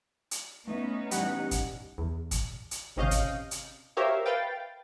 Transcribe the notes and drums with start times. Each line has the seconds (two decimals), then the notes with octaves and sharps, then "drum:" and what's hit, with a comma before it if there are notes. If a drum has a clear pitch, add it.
0.31 drum: hi-hat
0.68 A3 B3 C#4 D#4
1.11 E3 G3 F#5, drum: hi-hat
1.51 drum: kick, hi-hat
1.98 E2
2.31 drum: kick, hi-hat
2.71 drum: hi-hat
2.96 G#1 C3 C#4 D#5 F5 G6
3.11 drum: kick, hi-hat
3.51 drum: hi-hat
3.97 G4 A#4 C5 C#5 E5 F5
4.25 B4 F5 G5 A6